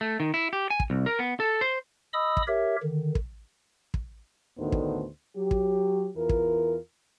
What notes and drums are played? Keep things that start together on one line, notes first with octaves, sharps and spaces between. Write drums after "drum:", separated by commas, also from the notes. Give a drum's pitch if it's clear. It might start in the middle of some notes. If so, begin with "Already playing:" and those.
A3
D#3
E4
G4
G#5
drum: kick
C2
A#4
B3
A4
C5
D#5 B5 D#6 E6
drum: kick
G4 A#4 C#5 E5
D3 D#3
drum: kick
drum: kick
D2 A2 D3 D#3 B3 C5
drum: kick
F#3 G4
drum: kick
E2 E3 F4 A#4
drum: kick